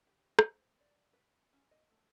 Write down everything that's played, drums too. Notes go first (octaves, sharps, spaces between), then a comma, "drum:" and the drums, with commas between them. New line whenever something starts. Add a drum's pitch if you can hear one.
G4
C5, drum: rim click
D5
B4
C#4
D#5
A3